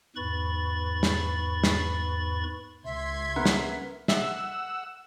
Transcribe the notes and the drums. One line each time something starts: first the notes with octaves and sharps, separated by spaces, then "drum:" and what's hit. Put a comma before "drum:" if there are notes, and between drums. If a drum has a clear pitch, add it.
E2 G#2 B4 B5 C#6 A6
drum: snare
drum: snare
C#2 E5 C6 G#6
C#3 B3 A#4 B4 F#5
drum: snare
E5 F#5 E6 B6, drum: snare